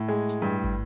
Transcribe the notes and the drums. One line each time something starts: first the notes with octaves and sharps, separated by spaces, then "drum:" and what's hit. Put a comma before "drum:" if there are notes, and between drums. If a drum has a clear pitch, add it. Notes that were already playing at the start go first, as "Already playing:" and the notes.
Already playing: A2
G#3
drum: hi-hat
G2
drum: kick